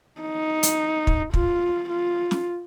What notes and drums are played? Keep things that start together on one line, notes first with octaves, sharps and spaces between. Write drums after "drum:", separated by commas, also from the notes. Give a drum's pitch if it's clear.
D#4
drum: hi-hat
drum: kick
F4, drum: kick
F4
drum: snare